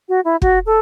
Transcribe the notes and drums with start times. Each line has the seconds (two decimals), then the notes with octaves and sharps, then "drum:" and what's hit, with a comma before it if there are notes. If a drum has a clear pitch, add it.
0.09 F#4
0.25 E4
0.42 F#4, drum: kick
0.66 A4